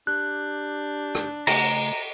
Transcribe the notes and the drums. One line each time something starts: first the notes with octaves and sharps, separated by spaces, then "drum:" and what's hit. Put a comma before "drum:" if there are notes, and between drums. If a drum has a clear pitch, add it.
D4 G4 F#6 G6
drum: rim click
C#3 A3 A#5, drum: cymbal